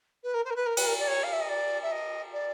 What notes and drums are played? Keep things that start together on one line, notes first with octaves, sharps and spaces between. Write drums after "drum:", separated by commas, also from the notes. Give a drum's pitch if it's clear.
B4
A#4
C5
A#4
B4
A#4
B4, drum: cymbal
A#4
D5
C#5
F5
E5
D#5
D5
E5
D#5
D5